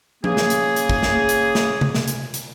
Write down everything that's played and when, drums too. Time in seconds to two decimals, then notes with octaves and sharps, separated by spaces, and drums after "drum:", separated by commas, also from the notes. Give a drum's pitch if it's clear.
0.24 C#3 A#3 G#4, drum: tom F3
0.37 drum: snare
0.50 drum: hi-hat
0.76 drum: hi-hat
0.90 drum: kick
1.03 drum: snare
1.29 drum: hi-hat
1.55 drum: snare
1.81 drum: tom C3
1.94 drum: snare
2.08 drum: hi-hat
2.34 drum: hi-hat